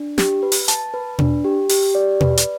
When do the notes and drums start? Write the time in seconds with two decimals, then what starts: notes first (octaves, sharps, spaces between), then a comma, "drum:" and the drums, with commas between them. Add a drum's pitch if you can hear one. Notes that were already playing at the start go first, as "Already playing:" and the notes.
Already playing: D4
0.18 G4, drum: snare
0.43 B4
0.52 drum: open hi-hat
0.68 A5, drum: hi-hat
0.94 B4
1.19 D4, drum: tom B2
1.44 G4
1.69 G4, drum: open hi-hat
1.95 D5
2.21 B4, drum: tom B2
2.37 drum: hi-hat